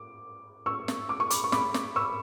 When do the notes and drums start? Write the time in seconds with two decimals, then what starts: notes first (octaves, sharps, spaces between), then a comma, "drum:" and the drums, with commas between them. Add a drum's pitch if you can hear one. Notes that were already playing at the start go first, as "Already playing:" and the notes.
Already playing: D6
0.66 C#6 E6
0.88 drum: snare
1.09 D6
1.20 C#6
1.30 B5 D6, drum: hi-hat
1.44 C#6
1.52 B5 D6, drum: snare
1.74 drum: snare
1.96 C#6 E6